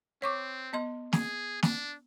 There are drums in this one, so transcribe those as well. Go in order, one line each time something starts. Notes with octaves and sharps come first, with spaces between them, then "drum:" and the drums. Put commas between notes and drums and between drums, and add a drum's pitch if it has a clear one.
C4 C#5 C#6 D6
B3 D#5 C6
G#4, drum: snare
D4, drum: snare